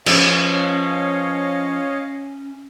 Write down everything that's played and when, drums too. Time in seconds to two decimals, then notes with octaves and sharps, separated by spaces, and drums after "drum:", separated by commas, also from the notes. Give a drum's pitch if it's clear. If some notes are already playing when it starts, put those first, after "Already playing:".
0.06 F3 C#4 B4 C#5 D#5 F5, drum: cymbal